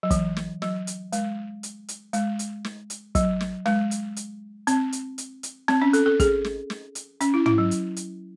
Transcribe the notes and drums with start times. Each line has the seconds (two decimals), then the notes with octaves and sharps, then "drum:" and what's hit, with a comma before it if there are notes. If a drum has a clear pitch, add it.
0.03 F#3
0.11 E3, drum: kick, hi-hat
0.36 drum: snare
0.62 F#3, drum: snare
0.87 drum: hi-hat
1.12 G#3, drum: hi-hat
1.63 drum: hi-hat
1.88 drum: hi-hat
2.13 G#3, drum: hi-hat
2.39 drum: hi-hat
2.64 drum: snare
2.90 drum: hi-hat
3.15 F#3, drum: kick, hi-hat
3.40 drum: snare
3.66 G#3, drum: snare
3.91 drum: hi-hat
4.16 drum: hi-hat
4.67 C4, drum: hi-hat
4.92 drum: hi-hat
5.18 drum: hi-hat
5.43 drum: hi-hat
5.68 C4, drum: snare
5.82 C#4
5.93 A4, drum: hi-hat
6.06 A4
6.20 G#4, drum: kick, hi-hat
6.44 drum: snare
6.70 drum: snare
6.95 drum: hi-hat
7.21 C#4, drum: hi-hat
7.34 E4
7.46 E4, drum: tom
7.58 F#3
7.71 drum: hi-hat
7.96 drum: hi-hat